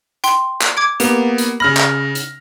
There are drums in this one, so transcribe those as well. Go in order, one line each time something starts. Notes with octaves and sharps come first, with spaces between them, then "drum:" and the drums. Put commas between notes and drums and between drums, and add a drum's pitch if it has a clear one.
G5 C6, drum: hi-hat
drum: clap
D6 G#6 D7
A#3 B3 G4, drum: hi-hat
drum: hi-hat
C#3 B5 F6 A#6
drum: clap
drum: hi-hat